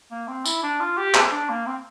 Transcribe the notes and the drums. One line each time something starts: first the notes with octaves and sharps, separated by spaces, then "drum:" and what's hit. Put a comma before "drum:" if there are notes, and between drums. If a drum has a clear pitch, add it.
A#3
C4
E4, drum: tambourine
D4
F4
G4
drum: clap
D4
A#3
C4